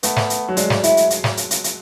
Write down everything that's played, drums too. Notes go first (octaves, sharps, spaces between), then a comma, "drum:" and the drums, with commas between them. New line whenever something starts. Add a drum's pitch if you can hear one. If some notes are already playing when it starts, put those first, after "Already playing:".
A3 B3, drum: hi-hat
drum: snare
drum: hi-hat
F#3
G#3 D4, drum: hi-hat
drum: snare
E4, drum: hi-hat
drum: hi-hat
drum: hi-hat
drum: snare
drum: hi-hat
drum: hi-hat
drum: hi-hat